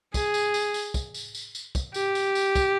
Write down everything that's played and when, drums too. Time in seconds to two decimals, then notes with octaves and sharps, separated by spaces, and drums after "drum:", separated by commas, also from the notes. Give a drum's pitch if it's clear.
0.14 G#4, drum: kick, tambourine
0.34 drum: tambourine
0.54 drum: tambourine
0.74 drum: tambourine
0.94 drum: kick, tambourine
1.14 drum: tambourine
1.35 drum: tambourine
1.55 drum: tambourine
1.75 drum: kick, tambourine
1.94 G4, drum: tambourine
2.15 drum: tambourine
2.35 drum: tambourine
2.55 drum: kick, tambourine